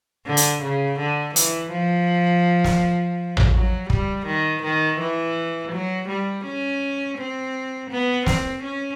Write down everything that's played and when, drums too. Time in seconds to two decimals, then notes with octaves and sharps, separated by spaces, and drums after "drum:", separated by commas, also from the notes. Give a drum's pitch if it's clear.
0.26 D3
0.37 drum: hi-hat
0.62 C#3
0.99 D3
1.36 E3, drum: hi-hat
1.72 F3
2.64 drum: snare
3.37 drum: tom A1
3.53 F#3
3.90 G3, drum: kick
4.27 D#3
4.63 D#3
4.99 E3
5.72 F#3
6.09 G3
6.45 C#4
7.18 C4
7.90 B3
8.26 C4, drum: snare
8.63 C#4